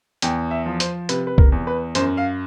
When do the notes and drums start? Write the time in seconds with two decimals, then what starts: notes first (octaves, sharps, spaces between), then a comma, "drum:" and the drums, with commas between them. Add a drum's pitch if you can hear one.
0.22 E2 G5, drum: hi-hat
0.51 E5
0.66 F3
0.80 C5, drum: hi-hat
1.09 C3 B4, drum: hi-hat
1.27 B4
1.38 A#4, drum: kick C2
1.52 E2
1.67 B4
1.95 F#2 C5, drum: hi-hat
2.17 F5